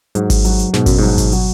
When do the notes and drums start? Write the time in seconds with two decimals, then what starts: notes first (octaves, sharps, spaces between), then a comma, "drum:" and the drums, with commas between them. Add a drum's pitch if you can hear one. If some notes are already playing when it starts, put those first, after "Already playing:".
0.15 G#2 F#3, drum: hi-hat
0.30 drum: kick G#1, open hi-hat
0.45 F#3, drum: hi-hat
0.59 drum: hi-hat
0.74 G#2 B2, drum: snare
0.86 F#2, drum: kick G#1, open hi-hat
0.99 G#2 F#3
1.18 drum: kick G#1, open hi-hat
1.32 F#3, drum: hi-hat